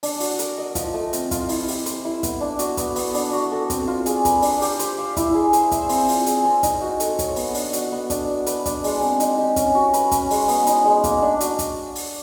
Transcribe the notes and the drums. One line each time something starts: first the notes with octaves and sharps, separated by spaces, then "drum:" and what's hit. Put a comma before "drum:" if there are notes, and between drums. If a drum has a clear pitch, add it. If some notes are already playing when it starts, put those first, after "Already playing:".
D4, drum: open hi-hat
F#4, drum: open hi-hat
A#4, drum: hi-hat
D#5
F3, drum: kick, hi-hat
A3
C4, drum: hi-hat
F4, drum: kick, hi-hat
E4, drum: open hi-hat
G4, drum: open hi-hat
C5, drum: hi-hat
E4
B3, drum: kick, hi-hat
D4
F#4, drum: hi-hat
B3, drum: kick, hi-hat
B3, drum: open hi-hat
D4, drum: open hi-hat
F#4
A4
C4, drum: kick, hi-hat
F4
G#4, drum: hi-hat
B4, drum: kick, hi-hat
D4, drum: open hi-hat
G4, drum: open hi-hat
C5, drum: hi-hat
F5
E4, drum: kick, hi-hat
G#4
C5, drum: hi-hat
E5, drum: kick, hi-hat
C4, drum: open hi-hat
F4, drum: open hi-hat
G#4, drum: hi-hat
C4
D#4, drum: kick, hi-hat
F#4
A4, drum: hi-hat
C#5, drum: kick, hi-hat
B3, drum: open hi-hat
D4, drum: open hi-hat
F#4, drum: hi-hat
B3
D4, drum: kick, hi-hat
F#4
B4, drum: hi-hat
D4, drum: kick, hi-hat
G#3, drum: open hi-hat
C4
D#4, drum: hi-hat
G4
C#4, drum: kick, hi-hat
F#4
B4, drum: hi-hat
C#4, drum: kick, hi-hat
G#3, drum: open hi-hat
B3, drum: open hi-hat
D#4, drum: hi-hat
G#3
A#3, drum: kick, hi-hat
D4
F#4, drum: hi-hat
drum: kick, hi-hat
drum: open hi-hat